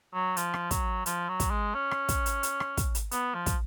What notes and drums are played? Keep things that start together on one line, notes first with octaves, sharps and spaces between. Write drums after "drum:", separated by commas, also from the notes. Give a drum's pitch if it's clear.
F#3
F3, drum: hi-hat
drum: rim click
F#3, drum: kick, hi-hat
F3, drum: hi-hat
F#3
drum: kick, hi-hat
G#3
C#4
drum: rim click
drum: kick, hi-hat
drum: hi-hat
drum: hi-hat
drum: rim click
drum: kick, hi-hat
drum: hi-hat
B3, drum: hi-hat
F3
drum: kick, hi-hat